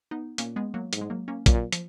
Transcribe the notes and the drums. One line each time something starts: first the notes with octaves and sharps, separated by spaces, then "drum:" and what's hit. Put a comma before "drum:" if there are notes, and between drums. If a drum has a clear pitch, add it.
B3 D#4
A#2 A#3 C#4, drum: hi-hat
G#3 B3
F#3 A#3
G#2, drum: hi-hat
G#3
F#3 A#3
A#3 C#4
A#2 F#3 A#3, drum: kick, hi-hat
F3, drum: hi-hat